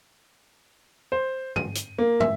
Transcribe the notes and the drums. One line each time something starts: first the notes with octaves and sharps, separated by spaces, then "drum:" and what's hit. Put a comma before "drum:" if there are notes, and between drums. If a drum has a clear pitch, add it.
C5
D#7, drum: tom
drum: hi-hat
A#3
E5, drum: tom